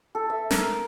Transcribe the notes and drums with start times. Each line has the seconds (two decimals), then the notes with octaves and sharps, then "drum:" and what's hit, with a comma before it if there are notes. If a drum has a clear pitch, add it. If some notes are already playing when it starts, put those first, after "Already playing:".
0.15 A4
0.30 E5
0.51 A#4, drum: snare